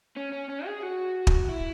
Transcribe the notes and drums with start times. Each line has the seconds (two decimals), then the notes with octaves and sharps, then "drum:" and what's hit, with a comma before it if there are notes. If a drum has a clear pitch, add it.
0.16 C#4
0.32 C#4
0.49 C#4
0.66 G#4
0.83 F#4
1.27 drum: kick
1.49 E4